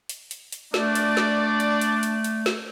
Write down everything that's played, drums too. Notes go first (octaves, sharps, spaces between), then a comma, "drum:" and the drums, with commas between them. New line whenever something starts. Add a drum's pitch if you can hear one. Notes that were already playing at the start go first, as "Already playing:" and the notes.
drum: hi-hat
drum: hi-hat
drum: hi-hat
A3 D4 D5, drum: snare
drum: hi-hat
drum: snare
drum: hi-hat
drum: hi-hat
drum: hi-hat
drum: hi-hat
drum: snare